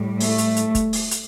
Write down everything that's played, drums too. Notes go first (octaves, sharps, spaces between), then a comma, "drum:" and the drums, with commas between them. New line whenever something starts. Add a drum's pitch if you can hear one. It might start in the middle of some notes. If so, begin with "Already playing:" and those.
Already playing: A2 G3
A3, drum: open hi-hat
drum: hi-hat
drum: hi-hat
drum: kick, hi-hat
drum: open hi-hat
drum: hi-hat